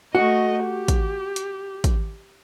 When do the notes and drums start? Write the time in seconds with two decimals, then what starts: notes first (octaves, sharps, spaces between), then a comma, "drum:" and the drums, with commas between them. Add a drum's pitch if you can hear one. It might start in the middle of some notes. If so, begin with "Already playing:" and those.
0.15 A3 F#4 D#5
0.64 G4
0.88 drum: kick, hi-hat
1.36 drum: hi-hat
1.84 drum: kick, hi-hat